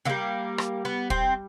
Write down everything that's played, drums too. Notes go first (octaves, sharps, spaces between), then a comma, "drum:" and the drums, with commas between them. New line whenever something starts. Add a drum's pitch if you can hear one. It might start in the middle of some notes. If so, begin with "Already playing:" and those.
D3 G3 A#3
drum: rim click
B3
C4, drum: kick